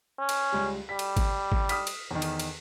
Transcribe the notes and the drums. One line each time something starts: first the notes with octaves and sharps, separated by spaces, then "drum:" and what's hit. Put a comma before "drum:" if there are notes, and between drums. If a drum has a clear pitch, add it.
C#4
drum: cymbal
C#2 G3
G3 B6
drum: cymbal
drum: kick G#1, cymbal
drum: kick G#1
D#6 F6 B6, drum: cymbal
drum: cymbal
E2 D#3
drum: cymbal
drum: cymbal